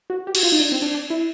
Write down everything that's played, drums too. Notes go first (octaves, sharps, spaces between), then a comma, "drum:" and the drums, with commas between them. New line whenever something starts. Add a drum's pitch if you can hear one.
F#4
G4
F#4, drum: cymbal
F4
D#4
D4
C4
D4
D4
E4